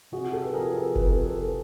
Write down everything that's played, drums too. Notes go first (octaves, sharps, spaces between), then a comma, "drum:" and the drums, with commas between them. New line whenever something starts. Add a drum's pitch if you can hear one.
C3 F#4 G#4
G4 A4
B4
F3 G#4 A#4
A4 B4
C3 B4, drum: kick F1
A#4
A4 B4
A4 B4
F3